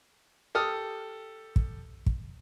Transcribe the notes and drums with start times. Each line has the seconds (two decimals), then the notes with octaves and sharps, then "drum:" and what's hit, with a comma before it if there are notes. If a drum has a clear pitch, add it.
0.55 G4 A4 D#6 F6
1.56 drum: kick
2.06 drum: kick